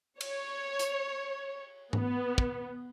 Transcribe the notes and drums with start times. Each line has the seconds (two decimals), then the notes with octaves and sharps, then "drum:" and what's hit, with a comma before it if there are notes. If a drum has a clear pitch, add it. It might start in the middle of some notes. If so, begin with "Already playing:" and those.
0.21 C#5, drum: cymbal
0.79 drum: hi-hat
1.93 B3, drum: tom G#2
2.38 drum: kick